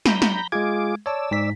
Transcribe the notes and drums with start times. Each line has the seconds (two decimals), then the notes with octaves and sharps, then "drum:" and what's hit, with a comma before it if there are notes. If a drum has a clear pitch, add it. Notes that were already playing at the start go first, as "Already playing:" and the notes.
0.06 A#5 B5 G6, drum: snare
0.22 drum: snare
0.52 G#3 F4 G#4 D6 G#6
1.06 C#5 D5 A5 E6
1.31 G#2 B6